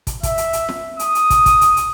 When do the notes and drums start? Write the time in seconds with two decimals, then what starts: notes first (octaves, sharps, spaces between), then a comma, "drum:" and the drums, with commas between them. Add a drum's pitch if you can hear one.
0.07 drum: kick, hi-hat
0.23 E5, drum: kick, hi-hat
0.38 drum: hi-hat
0.53 drum: hi-hat
0.69 drum: snare
0.99 D#6, drum: hi-hat
1.15 drum: hi-hat
1.30 drum: kick, hi-hat
1.46 drum: kick, hi-hat
1.61 drum: hi-hat
1.77 drum: hi-hat